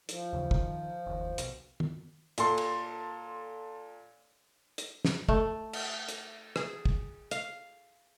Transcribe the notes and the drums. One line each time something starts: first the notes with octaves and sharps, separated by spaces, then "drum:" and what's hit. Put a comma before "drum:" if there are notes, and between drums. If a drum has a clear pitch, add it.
F3, drum: hi-hat
D#2 C#3 E3
D#3, drum: kick
F#1 D#2
B1, drum: hi-hat
drum: tom
A#2 A4 C6, drum: hi-hat
drum: cymbal
drum: hi-hat
drum: snare
A3, drum: kick
drum: cymbal
drum: hi-hat
G#4, drum: rim click
drum: kick
F5, drum: hi-hat